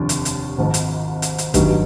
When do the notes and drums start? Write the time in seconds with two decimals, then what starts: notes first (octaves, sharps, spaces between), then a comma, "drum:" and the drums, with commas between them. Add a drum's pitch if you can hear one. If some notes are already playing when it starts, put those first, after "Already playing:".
Already playing: F1 D#2 D3 F3
0.09 drum: hi-hat
0.25 drum: hi-hat
0.58 G#1 G#2 F3
0.74 drum: hi-hat
1.22 drum: hi-hat
1.38 drum: hi-hat
1.54 A1 G2 D#3 F#3, drum: kick, hi-hat